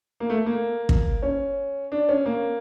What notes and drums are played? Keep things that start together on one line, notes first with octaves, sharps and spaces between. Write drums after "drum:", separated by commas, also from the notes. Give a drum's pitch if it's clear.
A#3
A3
A#3
drum: kick
C#4
D4
C#4
A#3